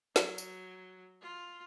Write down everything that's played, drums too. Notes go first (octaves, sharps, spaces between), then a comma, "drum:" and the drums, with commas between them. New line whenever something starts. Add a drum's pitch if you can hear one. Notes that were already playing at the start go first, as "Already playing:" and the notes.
F#3, drum: snare
drum: tambourine
F4